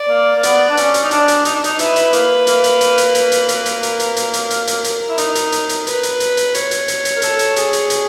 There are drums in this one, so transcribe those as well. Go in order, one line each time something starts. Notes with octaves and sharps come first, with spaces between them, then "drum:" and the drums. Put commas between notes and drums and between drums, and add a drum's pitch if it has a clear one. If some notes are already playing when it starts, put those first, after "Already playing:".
Already playing: D5
A#3
A#3
B3 D5, drum: hi-hat
D4
C#4, drum: hi-hat
drum: hi-hat
D#4
D4, drum: hi-hat
drum: hi-hat
D#4, drum: hi-hat
D4
D#4, drum: hi-hat
E4 B4, drum: hi-hat
drum: hi-hat
A#3, drum: hi-hat
A#3, drum: hi-hat
drum: hi-hat
drum: hi-hat
drum: hi-hat
drum: hi-hat
drum: hi-hat
drum: hi-hat
drum: hi-hat
A#4, drum: hi-hat
drum: hi-hat
drum: hi-hat
drum: hi-hat
drum: hi-hat
drum: hi-hat
drum: hi-hat
E4
D#4, drum: hi-hat
drum: hi-hat
drum: hi-hat
drum: hi-hat
B4, drum: hi-hat
drum: hi-hat
drum: hi-hat
drum: hi-hat
C#5, drum: hi-hat
drum: hi-hat
drum: hi-hat
drum: hi-hat
A#4
A4, drum: hi-hat
drum: hi-hat
G#4, drum: hi-hat
drum: hi-hat
drum: hi-hat